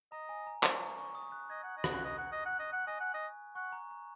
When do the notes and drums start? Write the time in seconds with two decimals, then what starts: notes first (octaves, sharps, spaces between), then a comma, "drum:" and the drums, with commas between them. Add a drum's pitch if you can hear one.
0.12 D#5 A#5
0.29 G#5
0.47 A#5
0.63 C#6, drum: clap
0.81 A#5
0.98 C#6
1.15 D#6
1.32 F#6
1.50 D#5 G#6
1.63 F#5
1.77 D#5
1.84 F#6, drum: rim click
1.91 F#5
2.04 D#5
2.18 F#5
2.32 D#5
2.45 F#5
2.53 F#6
2.59 D#5
2.72 F#5
2.87 D#5 G#5
3.00 F#5
3.14 D#5
3.55 F#5 C#6
3.73 A#5
3.91 A#5